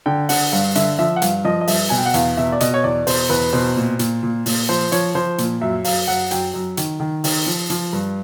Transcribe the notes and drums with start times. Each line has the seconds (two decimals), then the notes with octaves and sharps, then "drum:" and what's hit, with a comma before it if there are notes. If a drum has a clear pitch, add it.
0.06 D3 G5
0.29 D3 F#5, drum: open hi-hat
0.52 G2 F5
0.75 D3 E5, drum: hi-hat
0.98 F3 E5
1.16 F#5
1.22 G2 F5, drum: hi-hat
1.44 F3 D#5
1.61 D#5
1.67 G2 E5, drum: open hi-hat
1.89 B2 G#5
1.98 G5
2.06 F#5
2.14 E2 F5, drum: hi-hat
2.37 B2 E5
2.52 D5
2.60 B2 D#5, drum: hi-hat
2.74 C#5
2.84 E2 D5
3.07 B2 C5, drum: open hi-hat
3.30 E2 B4
3.53 B2 C5
3.76 A#2
3.99 A#2, drum: hi-hat
4.23 A#2
4.46 A#2, drum: open hi-hat
4.69 F3 C5
4.92 F3 C#5, drum: hi-hat
5.15 F3 C5
5.38 A#2, drum: hi-hat
5.61 F#2 E5
5.84 F#2 F5, drum: open hi-hat
6.07 F#2 F#5
6.31 F#2 G5, drum: hi-hat
6.54 F#2
6.77 D#3, drum: hi-hat
7.00 D#3
7.24 D#3, drum: open hi-hat
7.46 F3
7.70 F3, drum: hi-hat
7.93 G2